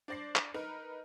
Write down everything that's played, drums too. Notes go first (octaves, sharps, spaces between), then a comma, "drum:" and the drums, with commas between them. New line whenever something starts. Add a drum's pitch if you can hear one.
D4 C5 D5 A#6 C7
drum: clap
D#4 A#4 B4